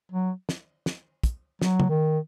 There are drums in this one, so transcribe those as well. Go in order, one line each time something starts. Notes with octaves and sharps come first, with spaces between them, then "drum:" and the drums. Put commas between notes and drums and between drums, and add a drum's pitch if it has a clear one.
F#3
drum: snare
drum: snare
drum: kick, hi-hat
F#3, drum: snare
drum: tom
D#3